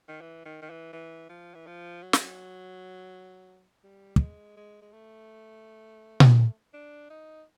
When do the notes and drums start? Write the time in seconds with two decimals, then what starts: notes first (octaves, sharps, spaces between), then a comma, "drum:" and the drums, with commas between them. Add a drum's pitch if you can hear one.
0.08 D#3
0.21 E3
0.45 D#3
0.62 D#3
0.70 E3
0.93 E3
1.29 F3
1.54 E3
1.67 F3
2.02 F#3
2.13 drum: snare
3.84 G3
4.16 G3, drum: kick
4.20 G#3
4.57 G#3
4.82 G#3
4.92 A3
6.20 drum: tom A#2
6.74 D4
7.10 D#4